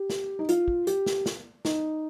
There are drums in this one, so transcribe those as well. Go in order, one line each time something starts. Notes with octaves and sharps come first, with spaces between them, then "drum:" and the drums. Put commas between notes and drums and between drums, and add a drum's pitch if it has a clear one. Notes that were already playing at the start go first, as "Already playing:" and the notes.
Already playing: G4
drum: snare
D#4
F4, drum: hi-hat
drum: kick
G4, drum: hi-hat
drum: snare
drum: snare
D#4, drum: snare